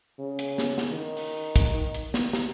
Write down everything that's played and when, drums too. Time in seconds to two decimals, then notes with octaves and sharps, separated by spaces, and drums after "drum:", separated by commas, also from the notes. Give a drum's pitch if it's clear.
0.19 C#3
0.39 drum: hi-hat
0.58 drum: snare
0.78 drum: snare
0.90 D#3
1.17 drum: open hi-hat
1.56 drum: kick, hi-hat
1.95 drum: hi-hat
2.14 drum: snare
2.33 drum: snare